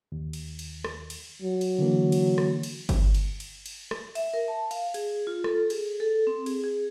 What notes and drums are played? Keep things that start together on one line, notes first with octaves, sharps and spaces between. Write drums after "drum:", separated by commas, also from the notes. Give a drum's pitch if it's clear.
D#2
drum: cymbal
drum: cymbal
drum: rim click
drum: cymbal
F#3
drum: cymbal
D3 E3 A#3
drum: cymbal
drum: rim click
drum: cymbal
drum: kick G1, cymbal
drum: cymbal
drum: cymbal
drum: cymbal
drum: rim click
E5, drum: cymbal
A#4
A5
F5, drum: cymbal
G#4, drum: cymbal
F4
A4, drum: rim click
G#4, drum: cymbal
A4
C4
G#4, drum: cymbal
G#4